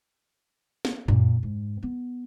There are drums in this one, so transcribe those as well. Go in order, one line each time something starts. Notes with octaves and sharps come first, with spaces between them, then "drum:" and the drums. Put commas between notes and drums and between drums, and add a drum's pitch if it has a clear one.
drum: snare
A#2, drum: tom F#2
G#2
B3